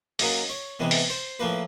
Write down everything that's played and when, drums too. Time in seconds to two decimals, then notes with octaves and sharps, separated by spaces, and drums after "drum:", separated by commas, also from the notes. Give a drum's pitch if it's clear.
0.19 C#3 F#3 A#3 D#5, drum: open hi-hat
0.49 C#5
0.80 C3 E3 G#3 B3
0.91 drum: open hi-hat
1.10 C5
1.39 A2 F3 A#3 B4